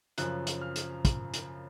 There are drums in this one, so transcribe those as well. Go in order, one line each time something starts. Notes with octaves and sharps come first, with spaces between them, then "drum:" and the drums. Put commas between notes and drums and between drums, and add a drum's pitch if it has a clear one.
F#2 C#3 F3 F#6, drum: hi-hat
drum: hi-hat
F6
drum: hi-hat
drum: kick, hi-hat
drum: hi-hat